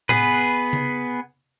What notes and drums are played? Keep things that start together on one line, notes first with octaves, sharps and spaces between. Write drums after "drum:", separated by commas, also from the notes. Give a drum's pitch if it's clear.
B3 G#4 B4, drum: tom A2
drum: tom C#3